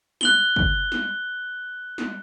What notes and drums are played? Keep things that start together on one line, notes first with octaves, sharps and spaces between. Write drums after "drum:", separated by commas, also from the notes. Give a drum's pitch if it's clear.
F#6 F#7 G7, drum: snare
drum: kick
drum: snare
drum: snare